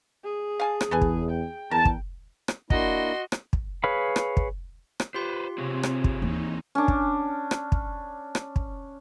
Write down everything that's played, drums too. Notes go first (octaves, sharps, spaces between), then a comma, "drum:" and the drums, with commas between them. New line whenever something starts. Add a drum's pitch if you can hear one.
G#4
F5 G#5 A5
drum: rim click
E2 A4 B4 G#5
drum: kick
G5
E2 A#4 A5
drum: kick
drum: rim click
A#3 D4 E4 F#4 D#5 C6, drum: kick
drum: rim click
drum: kick
G#4 B4 C#5 F5 B5
drum: rim click
drum: kick
drum: rim click
F4 G4 B4 C5 C6
C3 C4 G#4 C#5
drum: rim click
drum: kick
D#2 E3 D#4
C#4 D4
drum: kick
drum: rim click
drum: kick
drum: rim click
drum: kick